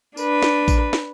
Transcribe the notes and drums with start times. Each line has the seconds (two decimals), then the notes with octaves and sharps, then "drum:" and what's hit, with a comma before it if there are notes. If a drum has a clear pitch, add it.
0.17 D4 B4, drum: tambourine
0.42 drum: snare
0.68 drum: kick A1, tambourine
0.93 drum: snare